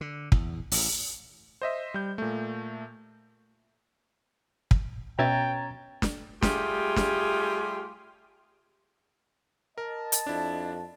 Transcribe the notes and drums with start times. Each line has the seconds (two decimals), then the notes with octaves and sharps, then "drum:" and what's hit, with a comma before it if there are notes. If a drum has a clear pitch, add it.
0.01 D3
0.32 E2, drum: kick
0.72 A1, drum: open hi-hat
1.62 C5 D#5 E5
1.94 G3 G6
2.18 A#2 A3
4.71 drum: kick
5.19 B2 C#4 E5 G5 A#5 G#6 A6
6.02 drum: snare
6.42 G3 A3 F4 G4 G#4, drum: snare
6.96 drum: snare
9.78 A#4 D#5 A5
10.12 drum: hi-hat
10.27 F2 D4 E4